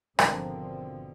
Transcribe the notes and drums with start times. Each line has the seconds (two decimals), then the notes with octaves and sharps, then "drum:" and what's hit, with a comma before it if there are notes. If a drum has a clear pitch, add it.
0.19 G#1 B2 D3 F3 C4 D4 A#4, drum: rim click